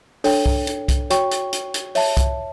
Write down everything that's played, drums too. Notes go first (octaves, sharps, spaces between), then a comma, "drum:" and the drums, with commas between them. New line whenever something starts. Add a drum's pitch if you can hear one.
D4 A4 C#5 G5, drum: open hi-hat
drum: kick C2
drum: hi-hat
drum: kick C2, hi-hat
F#4 C#5 G5 C#6, drum: hi-hat
drum: hi-hat
drum: hi-hat
drum: hi-hat
C#5 E5 A5, drum: open hi-hat
drum: kick C2, hi-hat